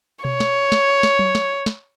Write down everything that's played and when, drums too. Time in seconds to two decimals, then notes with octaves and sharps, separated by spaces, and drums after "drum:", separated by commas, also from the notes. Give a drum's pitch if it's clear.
0.25 C#5, drum: tom B2
0.40 drum: snare
0.72 drum: snare
1.03 drum: snare
1.19 drum: tom F#3
1.35 drum: snare
1.66 drum: snare